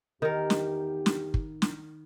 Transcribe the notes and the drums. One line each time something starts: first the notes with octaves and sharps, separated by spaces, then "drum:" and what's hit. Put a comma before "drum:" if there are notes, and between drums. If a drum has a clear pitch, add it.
E2 D#3 G4 A#4
drum: snare
drum: snare
drum: kick
drum: snare